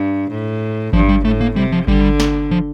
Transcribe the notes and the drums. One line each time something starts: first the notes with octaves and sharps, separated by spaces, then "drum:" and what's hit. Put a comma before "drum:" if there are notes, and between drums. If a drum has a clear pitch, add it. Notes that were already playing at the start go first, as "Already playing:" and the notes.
Already playing: G2
A2
G2 F3, drum: kick G#1
G3
A2 A3
A#3
C3 G3
F3
D3 G3, drum: kick G#1
drum: snare
F3